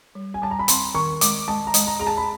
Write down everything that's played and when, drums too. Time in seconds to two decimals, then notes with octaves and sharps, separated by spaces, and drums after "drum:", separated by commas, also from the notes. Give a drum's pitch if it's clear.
0.15 G3
0.34 G#5
0.42 G3 A5
0.51 A#5
0.59 B5
0.68 C4 C6, drum: hi-hat
0.95 D#3 C#6
1.21 G#3 D6, drum: hi-hat
1.48 G#3 A5
1.67 A#5
1.74 G#3, drum: hi-hat
1.87 A#5
1.99 G#4 A#5
2.07 A5
2.17 B5